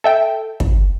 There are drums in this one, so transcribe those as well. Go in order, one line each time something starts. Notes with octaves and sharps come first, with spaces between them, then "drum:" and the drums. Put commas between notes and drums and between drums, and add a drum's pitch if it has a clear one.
A4 E5 G5
drum: kick